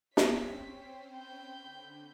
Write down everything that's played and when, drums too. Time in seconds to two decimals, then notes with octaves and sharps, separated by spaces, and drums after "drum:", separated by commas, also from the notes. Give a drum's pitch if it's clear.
0.17 C4 C#4 C5 C#5 G5 B6, drum: snare
1.15 B5 G6
1.62 D3